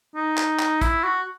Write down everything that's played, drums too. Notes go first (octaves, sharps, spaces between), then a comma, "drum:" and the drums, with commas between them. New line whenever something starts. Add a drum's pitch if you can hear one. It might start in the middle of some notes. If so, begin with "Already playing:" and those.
D#4
drum: clap
drum: clap
E4, drum: kick, hi-hat
F#4